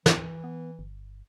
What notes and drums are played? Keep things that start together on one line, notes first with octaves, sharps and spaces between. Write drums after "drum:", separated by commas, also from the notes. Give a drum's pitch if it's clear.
E3, drum: snare
B3
G1